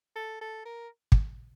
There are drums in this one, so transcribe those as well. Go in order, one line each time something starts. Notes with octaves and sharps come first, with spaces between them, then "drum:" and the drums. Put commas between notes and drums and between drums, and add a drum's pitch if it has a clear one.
A4
A4
A#4
drum: kick